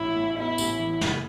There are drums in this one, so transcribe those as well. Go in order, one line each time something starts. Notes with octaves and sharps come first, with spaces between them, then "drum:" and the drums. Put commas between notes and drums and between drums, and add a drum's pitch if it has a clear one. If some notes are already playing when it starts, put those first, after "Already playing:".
Already playing: A1 E3 E4
A2
B3 E4
A1, drum: tambourine
E3
F#1, drum: snare